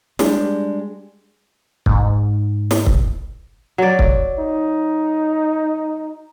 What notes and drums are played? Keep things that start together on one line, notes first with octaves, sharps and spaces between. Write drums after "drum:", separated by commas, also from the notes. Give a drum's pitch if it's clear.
G3 G#3 D4, drum: snare
G#2, drum: kick
drum: snare
drum: kick
F#3 D5
drum: kick
D#4